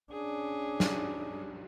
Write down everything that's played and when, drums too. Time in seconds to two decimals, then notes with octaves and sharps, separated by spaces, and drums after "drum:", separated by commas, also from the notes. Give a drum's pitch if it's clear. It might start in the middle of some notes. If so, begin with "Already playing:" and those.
0.12 C#4 D4 G#4
0.80 drum: snare